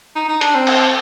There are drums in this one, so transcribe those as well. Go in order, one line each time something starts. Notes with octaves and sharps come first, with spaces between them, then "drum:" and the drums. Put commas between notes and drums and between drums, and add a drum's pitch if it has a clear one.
D#4
D#4
D4, drum: hi-hat
C4
drum: cymbal